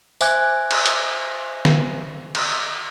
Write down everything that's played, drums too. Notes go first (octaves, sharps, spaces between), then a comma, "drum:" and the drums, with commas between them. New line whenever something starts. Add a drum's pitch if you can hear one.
C5 E5 G#5 D6 F#6 G#6, drum: tambourine
drum: cymbal
drum: hi-hat
drum: snare
drum: cymbal